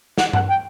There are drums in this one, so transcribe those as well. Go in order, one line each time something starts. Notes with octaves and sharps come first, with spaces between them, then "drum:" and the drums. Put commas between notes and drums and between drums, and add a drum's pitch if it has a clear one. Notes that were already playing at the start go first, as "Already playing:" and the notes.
F#5, drum: snare
F#5, drum: tom G2
G5